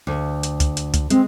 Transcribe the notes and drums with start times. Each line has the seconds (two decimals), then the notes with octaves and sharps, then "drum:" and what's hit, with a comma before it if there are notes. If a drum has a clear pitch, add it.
0.07 D2
0.43 drum: hi-hat
0.60 drum: kick C#2, hi-hat
0.77 drum: hi-hat
0.94 drum: kick C#2, hi-hat
1.10 G#3 C4, drum: hi-hat